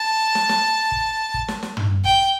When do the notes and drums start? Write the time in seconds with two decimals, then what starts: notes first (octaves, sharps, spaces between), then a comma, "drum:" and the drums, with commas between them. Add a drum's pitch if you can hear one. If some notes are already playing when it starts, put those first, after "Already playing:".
Already playing: A5
0.35 drum: snare
0.49 drum: snare
0.92 drum: kick
1.34 drum: kick
1.48 drum: snare
1.63 drum: snare
1.77 drum: tom
2.05 G5, drum: kick